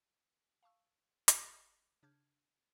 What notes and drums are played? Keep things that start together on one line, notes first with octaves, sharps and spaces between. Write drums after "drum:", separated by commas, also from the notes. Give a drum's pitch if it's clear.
F5 A5 C#6 E6
G1, drum: hi-hat
C#3 D4 A5 F6 G6 G#6